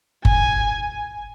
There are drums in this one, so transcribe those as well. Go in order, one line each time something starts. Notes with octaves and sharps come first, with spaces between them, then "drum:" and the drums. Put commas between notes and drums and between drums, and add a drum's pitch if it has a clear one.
G#5, drum: kick F#1